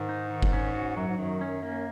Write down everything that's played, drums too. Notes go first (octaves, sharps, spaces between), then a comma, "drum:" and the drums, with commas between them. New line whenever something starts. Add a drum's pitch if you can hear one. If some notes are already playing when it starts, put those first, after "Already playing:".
Already playing: G#2 D#3
D#4
D#3
drum: kick F#1
C#4
F#4
F#2 F#3
G#2
F#2 D#3
C#4
A#3